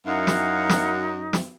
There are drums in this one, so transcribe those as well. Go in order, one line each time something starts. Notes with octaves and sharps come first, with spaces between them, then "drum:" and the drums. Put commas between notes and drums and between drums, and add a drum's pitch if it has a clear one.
F#2 D#4 E4 F5 F#5
drum: snare
drum: snare
drum: snare